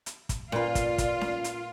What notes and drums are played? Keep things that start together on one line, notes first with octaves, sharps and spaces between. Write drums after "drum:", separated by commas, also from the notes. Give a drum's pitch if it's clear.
drum: hi-hat
drum: kick, hi-hat
A#2 F4 B4 D5, drum: snare C#4
drum: kick, hi-hat
drum: kick, hi-hat
drum: snare C#4
drum: hi-hat